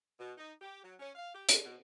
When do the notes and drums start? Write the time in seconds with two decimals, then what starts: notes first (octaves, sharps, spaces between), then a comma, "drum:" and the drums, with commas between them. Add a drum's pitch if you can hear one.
0.19 B2
0.36 D#4
0.60 G4
0.83 F#3
0.99 C#4
1.15 F5
1.33 G4
1.49 G#3, drum: hi-hat
1.63 B2